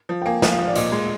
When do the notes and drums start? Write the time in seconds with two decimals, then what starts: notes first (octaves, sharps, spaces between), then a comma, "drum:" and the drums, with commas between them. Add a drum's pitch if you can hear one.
0.09 F3
0.22 G5
0.26 A#3 G#5
0.42 F3, drum: snare
0.51 F5
0.58 F3
0.68 D5
0.76 A#2 D#5, drum: hi-hat
0.92 G#3